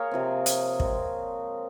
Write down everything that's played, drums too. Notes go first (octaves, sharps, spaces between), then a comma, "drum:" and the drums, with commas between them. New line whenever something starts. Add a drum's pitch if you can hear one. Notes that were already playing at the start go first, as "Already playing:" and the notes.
Already playing: A#3 G#4 A#4 C#5
C3 F3 C4
drum: hi-hat
A#2 G#3 C4, drum: kick